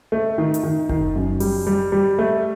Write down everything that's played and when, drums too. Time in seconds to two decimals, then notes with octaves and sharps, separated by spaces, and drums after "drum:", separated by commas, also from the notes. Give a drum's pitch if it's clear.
0.12 A3
0.38 D#3
0.54 drum: hi-hat
0.63 D#3
0.89 D#3, drum: kick F#1
1.16 F#2
1.40 G3, drum: open hi-hat
1.67 G3
1.92 G3
2.19 A3